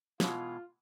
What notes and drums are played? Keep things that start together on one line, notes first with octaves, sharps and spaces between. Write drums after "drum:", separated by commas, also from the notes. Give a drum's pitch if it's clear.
B2 E3 G#3 F4, drum: snare